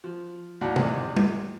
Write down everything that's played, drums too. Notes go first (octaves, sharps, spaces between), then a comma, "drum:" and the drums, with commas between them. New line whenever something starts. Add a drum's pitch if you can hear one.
F3
D#2 A2 F#3 D5 F#5
E2 G#2 D3 G3 C4 D#4, drum: tom C3
drum: tom G3